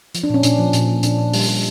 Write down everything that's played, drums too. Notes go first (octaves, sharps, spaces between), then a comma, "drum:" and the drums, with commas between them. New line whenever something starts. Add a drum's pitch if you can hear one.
F3, drum: hi-hat
D4
A#2 C#4
A#2 D4, drum: hi-hat
F3
A#2, drum: hi-hat
F3
A#2 D4, drum: hi-hat
A#2
G3, drum: open hi-hat
G3